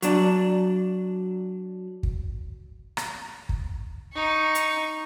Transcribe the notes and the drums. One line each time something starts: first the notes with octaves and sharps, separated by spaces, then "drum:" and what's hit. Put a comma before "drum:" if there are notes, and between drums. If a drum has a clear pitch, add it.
F#3 D4, drum: hi-hat
drum: kick
drum: rim click
drum: kick
D#4 C#6
drum: hi-hat